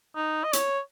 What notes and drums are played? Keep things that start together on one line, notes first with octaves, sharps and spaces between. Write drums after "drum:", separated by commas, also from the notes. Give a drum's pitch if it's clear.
D#4
D#5
C#5, drum: hi-hat